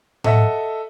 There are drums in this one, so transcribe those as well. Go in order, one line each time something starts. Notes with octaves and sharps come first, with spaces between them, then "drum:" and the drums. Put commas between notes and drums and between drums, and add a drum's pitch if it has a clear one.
A4 D#5 E5 F#5, drum: tom A2